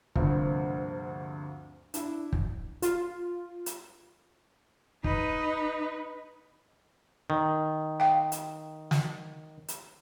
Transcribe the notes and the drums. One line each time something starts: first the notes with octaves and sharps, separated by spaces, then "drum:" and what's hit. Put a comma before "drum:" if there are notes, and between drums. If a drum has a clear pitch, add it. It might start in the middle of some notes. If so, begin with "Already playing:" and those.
D2 G2 C3 F3 A#3 C4, drum: kick
D4 E4, drum: hi-hat
drum: kick
F4, drum: hi-hat
drum: hi-hat
D#4 B4, drum: kick
D#3
F5 G5
drum: hi-hat
drum: snare
drum: hi-hat